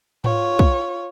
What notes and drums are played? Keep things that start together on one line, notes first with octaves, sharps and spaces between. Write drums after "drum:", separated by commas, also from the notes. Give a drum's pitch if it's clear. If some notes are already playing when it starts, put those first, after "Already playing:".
F4 C#5, drum: tom G#2
drum: kick